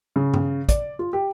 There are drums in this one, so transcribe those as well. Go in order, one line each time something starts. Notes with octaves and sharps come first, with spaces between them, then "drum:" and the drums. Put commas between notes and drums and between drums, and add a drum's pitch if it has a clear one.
C#3
drum: tom G2
D5, drum: kick, hi-hat
F4
G4